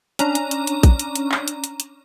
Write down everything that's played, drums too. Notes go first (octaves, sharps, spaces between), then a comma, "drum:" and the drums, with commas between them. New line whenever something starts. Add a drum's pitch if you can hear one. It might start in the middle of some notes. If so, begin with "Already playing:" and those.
C#4 D4 A#5, drum: hi-hat
drum: hi-hat
drum: hi-hat
drum: hi-hat
drum: kick A#1, hi-hat
drum: hi-hat
drum: hi-hat
drum: clap
drum: hi-hat
drum: hi-hat
drum: hi-hat